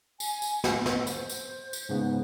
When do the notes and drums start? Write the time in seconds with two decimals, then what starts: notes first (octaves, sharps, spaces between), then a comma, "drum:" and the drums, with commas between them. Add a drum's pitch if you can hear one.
0.20 G#5, drum: tambourine
0.42 drum: tambourine
0.64 drum: snare
0.76 B3
0.86 drum: snare
1.07 C5, drum: tambourine
1.29 drum: tambourine
1.73 drum: tambourine
1.89 G#2 C#3 B3